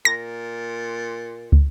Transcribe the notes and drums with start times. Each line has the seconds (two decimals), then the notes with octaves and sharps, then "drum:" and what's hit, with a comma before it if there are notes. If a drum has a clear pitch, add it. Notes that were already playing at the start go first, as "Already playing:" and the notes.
0.05 A#2 A#6
1.52 drum: kick